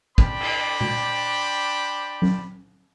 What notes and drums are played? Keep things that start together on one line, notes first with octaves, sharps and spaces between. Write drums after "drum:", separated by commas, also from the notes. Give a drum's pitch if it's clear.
D4 C5 G5 A5 B5 D6, drum: kick
drum: cymbal
drum: tom B2
drum: tom F#3